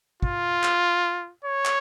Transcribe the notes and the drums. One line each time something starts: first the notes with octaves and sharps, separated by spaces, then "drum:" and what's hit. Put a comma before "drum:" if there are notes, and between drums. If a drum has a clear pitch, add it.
F4, drum: kick
drum: clap
C#5
drum: clap